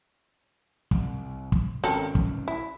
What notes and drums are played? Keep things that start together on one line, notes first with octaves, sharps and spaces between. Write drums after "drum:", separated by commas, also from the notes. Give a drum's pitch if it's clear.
C2, drum: kick
drum: kick
G#1 B2 C4 C#4 A4 A#4
drum: kick
E4